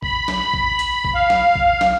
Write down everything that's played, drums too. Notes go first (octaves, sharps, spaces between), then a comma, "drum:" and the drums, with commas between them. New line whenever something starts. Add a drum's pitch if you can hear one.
B5, drum: kick A#1
drum: snare
drum: kick A#1
drum: hi-hat
drum: kick A#1
F5
drum: snare
drum: kick A#1
drum: snare